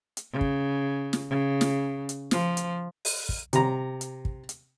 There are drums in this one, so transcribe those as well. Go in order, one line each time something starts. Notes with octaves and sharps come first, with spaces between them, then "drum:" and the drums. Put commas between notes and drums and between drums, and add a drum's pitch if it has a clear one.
drum: hi-hat
C#3
drum: kick
drum: snare
C#3
drum: snare
drum: hi-hat
F3, drum: snare
drum: hi-hat
drum: open hi-hat
drum: kick
C3 A#5, drum: hi-hat
drum: hi-hat
drum: kick
drum: hi-hat